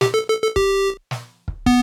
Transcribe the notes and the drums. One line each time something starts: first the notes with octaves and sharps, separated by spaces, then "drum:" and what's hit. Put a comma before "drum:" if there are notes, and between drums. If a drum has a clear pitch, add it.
G4, drum: snare
A4
A4
A4
G4, drum: kick
drum: snare
drum: kick
B3, drum: kick